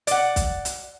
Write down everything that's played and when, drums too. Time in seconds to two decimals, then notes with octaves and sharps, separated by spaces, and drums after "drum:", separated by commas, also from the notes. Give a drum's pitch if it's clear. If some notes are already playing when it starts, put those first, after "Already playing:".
0.07 D5 F#5, drum: hi-hat
0.36 drum: kick, hi-hat
0.65 drum: hi-hat